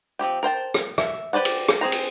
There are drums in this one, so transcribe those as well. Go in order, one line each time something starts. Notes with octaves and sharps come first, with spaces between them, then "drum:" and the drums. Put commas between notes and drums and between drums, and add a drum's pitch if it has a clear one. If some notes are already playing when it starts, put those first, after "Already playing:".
F3 C4 G4 G5
A#4 C5 G5 A5
drum: rim click
E5, drum: rim click
G4 B4 C5 D5 F#5
drum: cymbal
drum: rim click
C4 G#4 C5 A#5
drum: cymbal